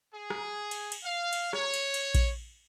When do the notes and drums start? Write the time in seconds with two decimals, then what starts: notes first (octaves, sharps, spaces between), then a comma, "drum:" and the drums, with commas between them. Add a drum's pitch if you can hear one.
0.14 G#4
0.30 drum: rim click
0.71 drum: cymbal
0.92 drum: cymbal
1.04 F5
1.33 drum: cymbal
1.53 C#5, drum: rim click
1.74 drum: cymbal
1.94 drum: cymbal
2.15 drum: kick A#1, cymbal